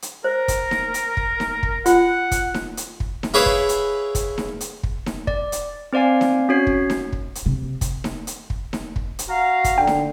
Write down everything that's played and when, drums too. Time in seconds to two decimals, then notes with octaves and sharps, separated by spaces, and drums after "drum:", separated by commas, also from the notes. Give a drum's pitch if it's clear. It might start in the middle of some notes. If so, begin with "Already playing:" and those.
0.02 drum: hi-hat
0.24 A#4 C5
0.48 drum: kick, hi-hat
0.71 drum: snare D#4
0.94 drum: hi-hat
1.17 drum: kick
1.40 drum: snare D#4
1.63 drum: kick
1.86 F4 F#5, drum: hi-hat
2.31 drum: kick, hi-hat
2.54 drum: snare D#4
2.77 drum: hi-hat
3.00 drum: kick
3.23 drum: snare D#4
3.34 E4 G#4 B4 C#5 E5 F5
3.46 drum: kick
3.69 drum: hi-hat
4.15 drum: kick, hi-hat
4.38 drum: snare D#4
4.61 drum: hi-hat
4.83 drum: kick
5.06 drum: snare D#4
5.27 D5, drum: kick
5.52 drum: hi-hat
5.93 C4 C5 D5 F5 G#5
6.21 drum: snare D#4
6.49 C#4 F#4 C#5 C7
6.67 drum: kick
6.90 drum: snare D#4
7.12 drum: kick
7.35 drum: hi-hat
7.46 C3
7.81 drum: kick, hi-hat
8.04 drum: snare D#4
8.27 drum: hi-hat
8.50 drum: kick
8.73 drum: snare D#4
8.96 drum: kick
9.19 drum: hi-hat
9.28 F#4 F5 A#5
9.64 drum: kick, hi-hat
9.78 D3 G5
9.87 drum: snare D#4